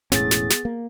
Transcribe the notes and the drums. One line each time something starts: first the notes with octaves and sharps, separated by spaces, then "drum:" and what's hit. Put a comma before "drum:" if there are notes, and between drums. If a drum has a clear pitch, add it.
E1 A2 B3 C#4 G#4 A6, drum: snare
drum: snare
drum: snare
A#3